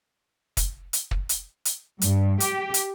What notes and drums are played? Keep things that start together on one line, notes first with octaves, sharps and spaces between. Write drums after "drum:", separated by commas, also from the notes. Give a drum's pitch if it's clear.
drum: kick, hi-hat
drum: hi-hat
drum: kick
drum: hi-hat
drum: hi-hat
G2, drum: hi-hat
G4, drum: hi-hat
drum: hi-hat